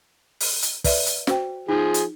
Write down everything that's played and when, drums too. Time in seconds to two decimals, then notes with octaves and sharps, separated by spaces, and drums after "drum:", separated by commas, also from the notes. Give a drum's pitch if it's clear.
0.40 drum: open hi-hat
0.62 drum: hi-hat
0.84 B4 D5 E5, drum: kick, open hi-hat
1.06 drum: hi-hat
1.27 F#4 C5 G5, drum: snare
1.69 F3 D#4 G#4
1.94 drum: hi-hat